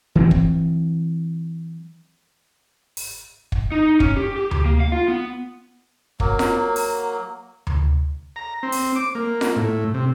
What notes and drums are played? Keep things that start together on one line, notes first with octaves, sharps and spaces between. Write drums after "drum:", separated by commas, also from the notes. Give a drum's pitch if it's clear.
E3 F#3 B3 C4
drum: kick
drum: open hi-hat
drum: kick
D#4
C#4, drum: kick
G4
G4
G4, drum: tom D2
A#3
F5
F4
B3
F#3 A#3, drum: kick
drum: snare F4
drum: open hi-hat
drum: tom D2
A#5
C4
drum: open hi-hat
D6
A#3
drum: snare F4
A2
C3